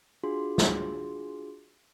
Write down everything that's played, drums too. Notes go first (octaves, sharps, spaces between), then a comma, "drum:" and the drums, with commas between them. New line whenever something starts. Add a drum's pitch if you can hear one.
D4 F4 F#4 G#4 C6
drum: snare